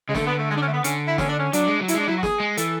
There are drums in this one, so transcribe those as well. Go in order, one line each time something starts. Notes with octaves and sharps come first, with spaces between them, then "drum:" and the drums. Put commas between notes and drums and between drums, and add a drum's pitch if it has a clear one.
C#3 G#3
D3 A3, drum: snare
B3
A3
G#3
D4
C#4
A3
B3
D3 C#4, drum: hi-hat
E4
C#4, drum: snare
D4
C#4
F#3 D4, drum: hi-hat
G#3
F#3
E4, drum: hi-hat
G#3 D4
F#3 E4
F#4
G#4, drum: snare
G#3
E3 A4, drum: hi-hat